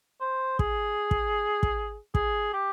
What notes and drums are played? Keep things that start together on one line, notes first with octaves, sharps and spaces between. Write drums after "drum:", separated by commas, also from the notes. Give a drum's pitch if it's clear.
C5
G#4, drum: kick
drum: kick
drum: kick
G#4, drum: kick
G4